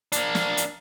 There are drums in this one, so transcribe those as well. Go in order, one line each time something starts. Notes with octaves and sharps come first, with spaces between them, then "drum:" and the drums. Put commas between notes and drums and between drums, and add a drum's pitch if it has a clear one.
A#3 D4, drum: hi-hat
drum: snare
drum: hi-hat